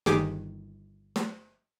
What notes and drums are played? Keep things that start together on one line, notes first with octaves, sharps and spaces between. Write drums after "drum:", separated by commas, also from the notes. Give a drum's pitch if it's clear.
G1 D#3 G4 G#4 D6, drum: snare
drum: snare